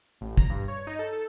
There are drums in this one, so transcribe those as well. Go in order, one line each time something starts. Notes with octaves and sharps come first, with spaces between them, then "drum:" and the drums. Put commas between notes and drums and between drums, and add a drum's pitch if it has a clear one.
A1
A#5, drum: kick
G2
C#5
D#4
A4
A4